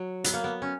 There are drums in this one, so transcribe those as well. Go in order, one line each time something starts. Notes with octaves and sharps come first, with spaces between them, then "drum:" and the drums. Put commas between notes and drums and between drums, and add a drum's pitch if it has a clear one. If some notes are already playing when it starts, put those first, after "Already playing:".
Already playing: F#3
B3, drum: hi-hat
A#3
B3
C#4